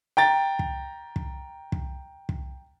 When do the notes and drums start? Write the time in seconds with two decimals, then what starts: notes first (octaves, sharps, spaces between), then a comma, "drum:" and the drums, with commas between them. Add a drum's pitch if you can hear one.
0.17 G5 A#5 A6
0.59 drum: kick
1.16 drum: kick
1.72 drum: kick
2.29 drum: kick